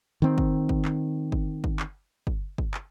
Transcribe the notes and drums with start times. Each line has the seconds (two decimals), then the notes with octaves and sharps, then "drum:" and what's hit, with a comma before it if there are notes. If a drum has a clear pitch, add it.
0.22 D#3 C4
0.38 drum: kick
0.69 drum: kick
0.85 drum: clap
1.32 drum: kick
1.64 drum: kick
1.80 drum: clap
2.27 drum: kick
2.58 drum: kick
2.74 drum: clap